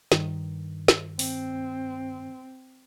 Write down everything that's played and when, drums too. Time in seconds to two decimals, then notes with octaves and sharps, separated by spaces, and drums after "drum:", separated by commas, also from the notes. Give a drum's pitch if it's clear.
0.12 G2 D#3, drum: snare
0.88 drum: snare
1.19 C4, drum: open hi-hat